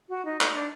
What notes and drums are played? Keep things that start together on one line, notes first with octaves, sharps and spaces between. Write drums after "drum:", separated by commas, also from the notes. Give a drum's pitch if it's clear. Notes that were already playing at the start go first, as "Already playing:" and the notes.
F#4
D#4
D#4, drum: clap
D4